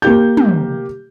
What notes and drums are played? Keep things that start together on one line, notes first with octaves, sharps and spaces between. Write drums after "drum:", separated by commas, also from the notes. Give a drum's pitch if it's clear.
A#3 G4 G6
drum: tom